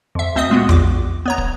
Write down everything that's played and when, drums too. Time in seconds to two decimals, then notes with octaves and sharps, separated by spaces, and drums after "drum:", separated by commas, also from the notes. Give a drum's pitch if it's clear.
0.15 F2 E5
0.35 D2 C4 D#5 E5 D#6
0.50 A#2 G#3 B3 F#4
0.69 A#1 D6, drum: tom E2
1.26 B3 C#5 A#5
1.38 drum: kick